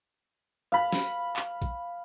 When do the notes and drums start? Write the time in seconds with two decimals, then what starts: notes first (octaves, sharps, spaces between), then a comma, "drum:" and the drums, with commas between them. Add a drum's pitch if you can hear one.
0.72 F5 B5
0.92 drum: snare
1.36 drum: clap
1.62 drum: kick A#1